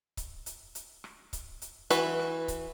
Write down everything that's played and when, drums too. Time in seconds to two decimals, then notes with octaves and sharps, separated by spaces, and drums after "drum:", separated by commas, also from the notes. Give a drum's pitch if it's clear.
0.17 drum: kick C#1, hi-hat
0.46 drum: hi-hat
0.75 drum: hi-hat
1.04 drum: rim click
1.33 drum: kick C#1, hi-hat
1.62 drum: hi-hat
1.90 E3 F#4 B4, drum: hi-hat
2.19 drum: rim click
2.48 drum: kick C#1, hi-hat